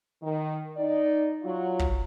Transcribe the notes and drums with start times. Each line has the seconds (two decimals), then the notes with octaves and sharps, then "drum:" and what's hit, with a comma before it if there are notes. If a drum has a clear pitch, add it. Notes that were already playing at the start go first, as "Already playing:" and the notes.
0.22 D#3
0.77 D#4 D5
1.43 F#3 F4
1.79 drum: kick